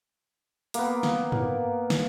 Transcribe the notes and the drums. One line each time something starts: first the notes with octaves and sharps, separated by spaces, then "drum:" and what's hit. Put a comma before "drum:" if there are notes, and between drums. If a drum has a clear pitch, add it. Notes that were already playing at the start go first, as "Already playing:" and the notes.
A#3 B3, drum: hi-hat
drum: snare
drum: tom G2
drum: snare